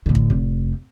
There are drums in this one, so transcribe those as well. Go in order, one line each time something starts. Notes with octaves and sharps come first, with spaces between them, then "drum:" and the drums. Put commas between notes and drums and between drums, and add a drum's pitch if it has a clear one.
A2 D3
drum: kick
F1